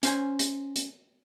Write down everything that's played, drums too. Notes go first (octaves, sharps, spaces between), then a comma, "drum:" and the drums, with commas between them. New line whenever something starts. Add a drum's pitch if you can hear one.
C#4 C5 G#5, drum: hi-hat
drum: hi-hat
drum: hi-hat